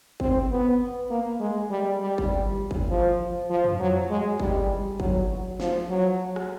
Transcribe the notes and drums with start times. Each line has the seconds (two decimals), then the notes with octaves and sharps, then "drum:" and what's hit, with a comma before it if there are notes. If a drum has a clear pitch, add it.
0.20 C4, drum: kick G1
0.51 B3
1.10 A#3
1.40 G#3
1.70 G3
2.00 G3
2.18 drum: kick G1
2.71 drum: kick G1
2.90 F3
3.50 F3
3.64 drum: tom
3.80 F#3
4.10 G#3
4.40 G3, drum: kick G1
5.00 F#3, drum: kick G1
5.60 F3, drum: snare
5.90 F#3
6.36 drum: rim click